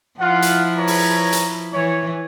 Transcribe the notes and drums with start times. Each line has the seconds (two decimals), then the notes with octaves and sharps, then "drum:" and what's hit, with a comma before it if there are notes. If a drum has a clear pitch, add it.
0.20 F3 E4 F4 F#5
0.42 drum: hi-hat
0.77 B4 C#5 A#5
0.87 drum: open hi-hat
1.32 drum: hi-hat
1.74 E3 C#5